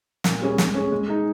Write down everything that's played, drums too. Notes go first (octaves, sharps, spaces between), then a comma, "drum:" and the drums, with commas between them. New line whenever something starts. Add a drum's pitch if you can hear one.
A#2, drum: snare
G3 C#4 G#4
G#3, drum: snare
C#4 G#4
G#3
D#4 G#4